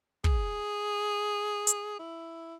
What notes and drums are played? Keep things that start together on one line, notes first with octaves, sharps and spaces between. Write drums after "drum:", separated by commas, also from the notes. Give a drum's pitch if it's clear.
G#4, drum: kick
drum: hi-hat
E4